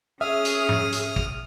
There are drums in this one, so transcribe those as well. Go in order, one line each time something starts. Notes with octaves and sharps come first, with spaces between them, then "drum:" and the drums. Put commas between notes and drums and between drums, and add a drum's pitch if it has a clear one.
C#4 G#4 E5 D#6 F6
drum: hi-hat
drum: tom G#2
drum: hi-hat
drum: kick